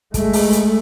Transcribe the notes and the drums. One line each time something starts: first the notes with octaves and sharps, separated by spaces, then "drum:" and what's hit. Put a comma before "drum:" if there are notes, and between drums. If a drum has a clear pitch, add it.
G#3 A3, drum: kick, hi-hat
drum: open hi-hat
drum: hi-hat